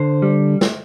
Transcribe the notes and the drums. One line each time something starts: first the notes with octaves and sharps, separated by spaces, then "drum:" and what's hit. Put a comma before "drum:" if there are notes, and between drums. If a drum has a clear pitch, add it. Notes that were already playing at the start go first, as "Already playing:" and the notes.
Already playing: D3 C5
G3
drum: snare